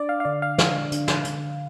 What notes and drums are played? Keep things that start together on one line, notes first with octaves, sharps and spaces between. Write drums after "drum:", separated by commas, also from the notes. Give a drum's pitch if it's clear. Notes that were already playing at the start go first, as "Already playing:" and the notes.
Already playing: D4 D5
F5
F5
D3 D5
F5
D3 F5, drum: snare
D3, drum: hi-hat
drum: snare
D3, drum: hi-hat